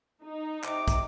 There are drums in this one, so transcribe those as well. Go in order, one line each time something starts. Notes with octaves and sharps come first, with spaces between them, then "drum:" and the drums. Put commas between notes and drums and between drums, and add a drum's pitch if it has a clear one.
D#4
C3 D6, drum: clap
drum: kick, hi-hat